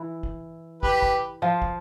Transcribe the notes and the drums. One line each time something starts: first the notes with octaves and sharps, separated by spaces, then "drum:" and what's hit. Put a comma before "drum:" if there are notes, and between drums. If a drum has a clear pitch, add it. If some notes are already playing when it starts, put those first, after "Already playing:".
Already playing: E3 E4
drum: kick
G4 B4, drum: kick
drum: kick
F3 F4
drum: kick